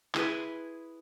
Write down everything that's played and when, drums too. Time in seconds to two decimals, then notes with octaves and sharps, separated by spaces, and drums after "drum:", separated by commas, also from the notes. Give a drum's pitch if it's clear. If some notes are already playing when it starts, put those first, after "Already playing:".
0.14 E4 G#4 B4 C6, drum: clap